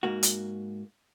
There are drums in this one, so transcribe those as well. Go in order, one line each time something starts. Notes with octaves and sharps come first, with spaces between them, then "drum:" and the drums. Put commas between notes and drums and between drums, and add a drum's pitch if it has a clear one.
G#2 A#3 F#4
drum: hi-hat